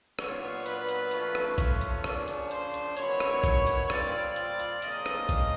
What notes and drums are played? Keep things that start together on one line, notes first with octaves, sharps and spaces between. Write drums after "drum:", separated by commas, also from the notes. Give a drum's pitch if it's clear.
A#2 F#3 B3 D4 F4 C#5, drum: rim click
B4, drum: hi-hat
drum: hi-hat
F3 A3 C#4 F4, drum: hi-hat
drum: rim click
C#5, drum: kick A#1, hi-hat
drum: hi-hat
C#3 F3 A#3 D4, drum: rim click
drum: hi-hat
C5, drum: hi-hat
drum: hi-hat
B2 F#3 A#3 C#4 E4 C#5, drum: hi-hat
drum: rim click
drum: kick A#1, hi-hat
drum: hi-hat
A#2 G3 C4 F4 D5, drum: rim click
drum: hi-hat
drum: hi-hat
C#3 F3 A#3 D#5, drum: hi-hat
drum: rim click
drum: kick A#1, hi-hat